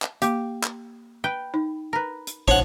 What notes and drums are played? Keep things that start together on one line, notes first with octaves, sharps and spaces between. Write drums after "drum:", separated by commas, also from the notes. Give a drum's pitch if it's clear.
drum: clap
A#3 G4, drum: hi-hat
drum: clap
B4 G5
D#4
A#4 B4
drum: hi-hat
F3 C#5 F#5, drum: kick